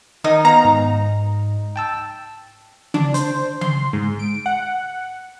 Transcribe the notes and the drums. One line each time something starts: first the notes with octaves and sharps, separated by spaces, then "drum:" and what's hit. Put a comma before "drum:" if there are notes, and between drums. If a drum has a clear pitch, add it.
D#3 D#4
B3 F5 A#5
G#2
G5 A5 E6
D4, drum: tom C#3
C5, drum: hi-hat
C6, drum: tom C#3
G#2
D7
F#5